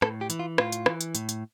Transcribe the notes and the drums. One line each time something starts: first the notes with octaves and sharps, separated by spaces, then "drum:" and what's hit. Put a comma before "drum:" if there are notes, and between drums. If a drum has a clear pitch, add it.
A2 A4, drum: rim click
G4
E3, drum: hi-hat
F4
A2 F4, drum: rim click
drum: hi-hat
E3, drum: rim click
drum: hi-hat
A2, drum: hi-hat
drum: hi-hat